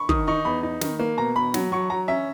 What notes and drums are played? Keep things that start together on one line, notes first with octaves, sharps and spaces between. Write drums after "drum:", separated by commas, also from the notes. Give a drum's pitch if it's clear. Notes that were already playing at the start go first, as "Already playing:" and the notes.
Already playing: B5 C#6
D#3 D#6, drum: kick
D#4 C#6
E2 B5
D#4
D#3, drum: snare
A#3
B2 A#5
B2 B5
F#3, drum: snare
F#3 C#6
F#3 A#5
C#4 E5